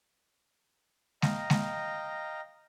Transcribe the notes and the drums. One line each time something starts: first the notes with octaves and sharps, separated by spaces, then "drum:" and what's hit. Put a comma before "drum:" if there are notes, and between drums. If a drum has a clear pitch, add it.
D#5 F5 G5 A#5, drum: snare G#3
drum: snare G#3